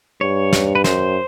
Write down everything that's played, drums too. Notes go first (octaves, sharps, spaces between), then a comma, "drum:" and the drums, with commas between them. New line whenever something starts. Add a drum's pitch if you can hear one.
G2 C#5
drum: snare
B4
F#2 C5, drum: snare